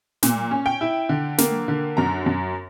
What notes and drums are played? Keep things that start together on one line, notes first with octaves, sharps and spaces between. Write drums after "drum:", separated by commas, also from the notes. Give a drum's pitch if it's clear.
A#2, drum: snare
C#4
G5
E4
D3
A#3, drum: snare
D3
F#2 A#5
F#2